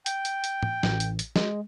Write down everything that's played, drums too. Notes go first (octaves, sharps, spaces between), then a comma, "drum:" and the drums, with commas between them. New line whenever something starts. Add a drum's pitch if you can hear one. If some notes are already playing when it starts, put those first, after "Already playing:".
G5, drum: hi-hat
drum: hi-hat
drum: hi-hat
drum: tom
A1, drum: snare
drum: hi-hat
drum: hi-hat
G#3, drum: snare